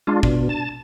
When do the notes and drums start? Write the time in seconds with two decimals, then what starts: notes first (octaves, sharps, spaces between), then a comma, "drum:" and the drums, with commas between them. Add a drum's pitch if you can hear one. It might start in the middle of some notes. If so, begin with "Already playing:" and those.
0.07 G#3 D4 F4
0.23 B2 D4, drum: kick
0.49 A5